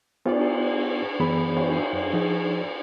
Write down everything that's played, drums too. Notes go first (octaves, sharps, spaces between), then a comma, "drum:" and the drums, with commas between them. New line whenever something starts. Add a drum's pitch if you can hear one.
B3 F4 G4 D5, drum: cymbal
F#2 E3 B3 G#4 B5
drum: cymbal
F#2
F3 D#4 G#4